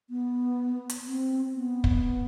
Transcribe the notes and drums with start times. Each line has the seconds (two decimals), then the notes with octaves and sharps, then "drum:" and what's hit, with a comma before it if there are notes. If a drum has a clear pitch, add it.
0.10 B3
0.90 drum: hi-hat
1.07 C4
1.56 B3
1.84 drum: kick